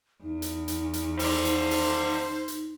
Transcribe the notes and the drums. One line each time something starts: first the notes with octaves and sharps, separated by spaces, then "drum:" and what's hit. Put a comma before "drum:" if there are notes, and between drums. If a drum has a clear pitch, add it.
E2 D#4
drum: hi-hat
drum: hi-hat
drum: hi-hat
D#3 C5 D5, drum: open hi-hat
drum: hi-hat
drum: open hi-hat
drum: hi-hat